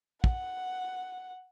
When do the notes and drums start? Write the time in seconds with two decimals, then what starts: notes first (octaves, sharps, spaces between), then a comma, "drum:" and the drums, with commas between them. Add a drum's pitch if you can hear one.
0.24 F#5, drum: kick